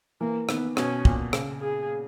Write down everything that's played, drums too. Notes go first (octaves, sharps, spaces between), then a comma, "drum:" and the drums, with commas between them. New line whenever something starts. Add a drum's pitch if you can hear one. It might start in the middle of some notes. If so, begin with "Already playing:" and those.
E3 A#3
D#3 B3, drum: rim click
B2 C#4, drum: rim click
A#2, drum: kick
C#3, drum: rim click
G#4